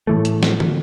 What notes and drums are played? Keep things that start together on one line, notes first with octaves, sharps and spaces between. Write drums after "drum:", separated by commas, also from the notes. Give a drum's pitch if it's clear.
A2 E3 A3
drum: hi-hat
drum: snare
drum: tom